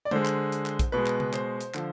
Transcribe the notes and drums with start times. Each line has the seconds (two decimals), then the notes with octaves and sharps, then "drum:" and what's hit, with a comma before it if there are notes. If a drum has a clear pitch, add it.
0.05 D5
0.11 D3 G#3 C5, drum: tom G#3
0.25 drum: clap
0.52 drum: hi-hat
0.66 drum: clap
0.79 drum: kick A#1, hi-hat
0.92 B2 G#3 B4
1.06 drum: clap
1.20 drum: tom C#3
1.33 C5, drum: clap
1.61 drum: hi-hat
1.74 D3 F3, drum: clap